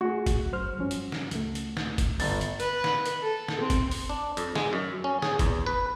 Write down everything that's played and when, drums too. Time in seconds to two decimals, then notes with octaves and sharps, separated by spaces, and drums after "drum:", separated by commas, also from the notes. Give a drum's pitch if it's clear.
0.01 A3 F#4 G#4
0.26 drum: kick, hi-hat
0.53 F#2 C5 F6
0.77 G2 F3 C#4
0.91 drum: hi-hat
1.12 drum: snare
1.31 C#2 A3, drum: hi-hat
1.55 drum: hi-hat
1.77 drum: snare
1.98 drum: kick, hi-hat
2.20 G1 A6, drum: open hi-hat
2.41 drum: hi-hat
2.60 B4, drum: hi-hat
2.84 drum: snare
3.06 drum: hi-hat
3.23 A4
3.48 drum: snare
3.60 C4
3.70 drum: kick, hi-hat
3.91 drum: open hi-hat
4.09 D4
4.37 F2, drum: hi-hat
4.55 G#3, drum: snare
4.73 F#2
5.04 C#4
5.22 G#4, drum: snare
5.39 E2, drum: kick, hi-hat
5.66 B4